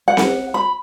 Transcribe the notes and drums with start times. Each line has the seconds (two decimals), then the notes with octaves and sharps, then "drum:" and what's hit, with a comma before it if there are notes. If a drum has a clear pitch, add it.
0.08 F#5
0.17 drum: snare C4
0.54 B5